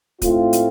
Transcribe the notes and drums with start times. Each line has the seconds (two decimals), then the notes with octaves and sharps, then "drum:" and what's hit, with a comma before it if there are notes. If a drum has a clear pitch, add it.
0.22 A2 A3 C4 F4, drum: kick, hi-hat
0.53 drum: hi-hat